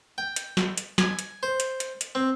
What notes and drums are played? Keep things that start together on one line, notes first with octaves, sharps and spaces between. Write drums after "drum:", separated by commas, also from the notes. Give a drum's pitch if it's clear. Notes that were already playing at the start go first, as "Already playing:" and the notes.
G5
drum: hi-hat
drum: snare
drum: hi-hat
G#5, drum: snare
drum: hi-hat
C5
drum: hi-hat
drum: hi-hat
drum: hi-hat
C4